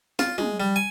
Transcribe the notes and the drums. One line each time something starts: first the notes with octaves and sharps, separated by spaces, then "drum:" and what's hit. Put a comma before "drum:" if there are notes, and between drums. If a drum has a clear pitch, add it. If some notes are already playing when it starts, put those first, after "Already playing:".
F4, drum: snare
G#3, drum: tom
G3
G#5